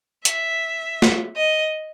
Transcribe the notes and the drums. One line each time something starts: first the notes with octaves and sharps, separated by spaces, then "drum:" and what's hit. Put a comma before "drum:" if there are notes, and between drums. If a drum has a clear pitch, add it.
E5, drum: hi-hat
drum: snare
D#5